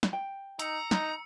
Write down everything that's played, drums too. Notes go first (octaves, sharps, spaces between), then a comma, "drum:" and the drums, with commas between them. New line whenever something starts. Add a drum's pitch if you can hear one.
drum: snare
G5
D#4 A#5 E6 C#7, drum: hi-hat
D#4, drum: snare